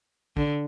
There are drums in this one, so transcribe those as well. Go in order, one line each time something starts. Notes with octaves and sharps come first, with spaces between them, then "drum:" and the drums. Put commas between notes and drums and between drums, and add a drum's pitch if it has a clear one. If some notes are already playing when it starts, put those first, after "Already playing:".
D3, drum: kick